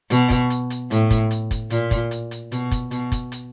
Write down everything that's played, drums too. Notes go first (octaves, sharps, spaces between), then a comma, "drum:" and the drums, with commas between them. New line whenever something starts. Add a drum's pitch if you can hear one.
B2, drum: hi-hat
drum: kick, hi-hat
drum: hi-hat
drum: hi-hat
A2, drum: hi-hat
drum: kick, hi-hat
drum: hi-hat
drum: kick, hi-hat
A#2, drum: hi-hat
drum: kick, hi-hat
drum: hi-hat
drum: hi-hat
B2, drum: hi-hat
drum: kick, hi-hat
B2, drum: hi-hat
drum: kick, hi-hat
drum: hi-hat